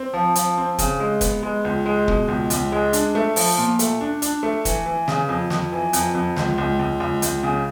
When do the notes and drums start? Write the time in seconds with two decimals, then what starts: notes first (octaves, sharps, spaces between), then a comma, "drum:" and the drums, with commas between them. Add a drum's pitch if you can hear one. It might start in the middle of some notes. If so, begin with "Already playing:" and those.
Already playing: C4
0.14 F3
0.35 F3, drum: hi-hat
0.58 C4
0.79 C#3, drum: kick, hi-hat
1.00 G#3
1.21 B3, drum: kick, hi-hat
1.43 G#3
1.65 C#2
1.86 G#3
2.08 B2, drum: kick
2.28 C#2
2.50 C#2, drum: hi-hat
2.72 G#3
2.93 D4, drum: hi-hat
3.15 A3
3.36 F3, drum: open hi-hat
3.58 A#2
3.79 A3, drum: hi-hat
4.01 D4
4.22 D4, drum: hi-hat
4.43 A3
4.65 E3, drum: kick, hi-hat
4.86 E3
5.08 C#3, drum: snare
5.29 F2
5.50 F2, drum: snare
5.72 E3
5.93 F2, drum: hi-hat
6.15 F2
6.36 C#2, drum: snare
6.58 C#2
6.79 C#2
7.00 C#2
7.22 C#2, drum: hi-hat
7.43 C#3